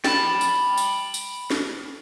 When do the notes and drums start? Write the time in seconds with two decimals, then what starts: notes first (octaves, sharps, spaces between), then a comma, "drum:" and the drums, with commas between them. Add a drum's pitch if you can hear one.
0.04 G5 A5 B5, drum: snare
0.41 drum: tambourine
0.77 drum: tambourine
1.14 drum: tambourine
1.50 drum: snare